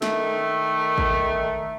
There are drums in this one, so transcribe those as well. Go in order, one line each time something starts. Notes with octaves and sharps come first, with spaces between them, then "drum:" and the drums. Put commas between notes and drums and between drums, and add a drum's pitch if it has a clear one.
D#3 A3, drum: snare
drum: kick